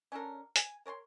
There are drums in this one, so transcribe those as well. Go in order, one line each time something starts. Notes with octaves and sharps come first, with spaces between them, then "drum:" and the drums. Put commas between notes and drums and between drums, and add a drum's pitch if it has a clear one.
C#4 D4 A4 A#4
G#5, drum: hi-hat
A#4 C#5 A5 C6